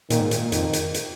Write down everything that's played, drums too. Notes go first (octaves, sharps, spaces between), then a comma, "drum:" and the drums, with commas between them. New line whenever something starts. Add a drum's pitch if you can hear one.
A#2 D#3, drum: hi-hat
G#2
A#2, drum: hi-hat
F2 D#3, drum: hi-hat
drum: hi-hat
drum: hi-hat